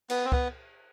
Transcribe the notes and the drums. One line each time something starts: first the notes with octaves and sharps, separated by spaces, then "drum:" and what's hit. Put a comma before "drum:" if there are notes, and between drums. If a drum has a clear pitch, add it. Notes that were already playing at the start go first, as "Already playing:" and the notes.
B3, drum: cymbal
C4
B3, drum: kick C#2